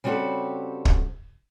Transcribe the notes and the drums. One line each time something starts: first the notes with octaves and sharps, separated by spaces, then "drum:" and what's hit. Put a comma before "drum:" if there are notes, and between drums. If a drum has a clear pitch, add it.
C#3 G3 C4 F#4 G4 A4
drum: kick